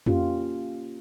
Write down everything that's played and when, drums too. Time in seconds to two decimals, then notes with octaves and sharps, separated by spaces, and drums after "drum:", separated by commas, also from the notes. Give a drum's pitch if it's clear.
0.06 A#3 C#4 F4 G4, drum: tom F2